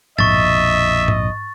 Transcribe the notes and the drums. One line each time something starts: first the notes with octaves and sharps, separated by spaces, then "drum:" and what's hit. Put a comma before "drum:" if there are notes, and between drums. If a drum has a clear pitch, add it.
A#1 F2 B2 D#5 E5 C#6 A6, drum: tom G#2
drum: tom G#2